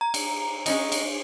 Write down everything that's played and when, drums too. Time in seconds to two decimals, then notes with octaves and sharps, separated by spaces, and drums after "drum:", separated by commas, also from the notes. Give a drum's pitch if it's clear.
0.01 A#5
0.14 drum: cymbal
0.66 G#3 C#4 D#4, drum: cymbal
0.92 drum: cymbal